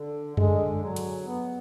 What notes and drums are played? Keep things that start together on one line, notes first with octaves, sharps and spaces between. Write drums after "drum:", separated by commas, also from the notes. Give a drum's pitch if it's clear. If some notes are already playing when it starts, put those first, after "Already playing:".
Already playing: D3
D3 G#3, drum: tom F#2
F#3
drum: hi-hat
B3